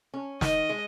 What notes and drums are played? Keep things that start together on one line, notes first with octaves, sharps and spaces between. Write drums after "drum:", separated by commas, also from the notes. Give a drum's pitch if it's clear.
C#4
D#3 D#5, drum: snare
G#3